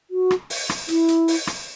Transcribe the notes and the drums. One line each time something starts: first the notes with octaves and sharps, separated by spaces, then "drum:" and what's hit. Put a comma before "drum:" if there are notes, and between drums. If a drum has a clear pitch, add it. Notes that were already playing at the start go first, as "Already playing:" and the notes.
F#4
drum: rim click
drum: open hi-hat
drum: rim click
E4, drum: hi-hat
drum: hi-hat
drum: open hi-hat
drum: rim click